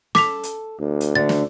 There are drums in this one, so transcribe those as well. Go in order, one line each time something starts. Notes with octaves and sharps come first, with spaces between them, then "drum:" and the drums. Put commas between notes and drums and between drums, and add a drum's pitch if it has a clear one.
A4 D6 B6 F7, drum: snare
drum: hi-hat
D2
drum: hi-hat
D3 A3 A6
drum: snare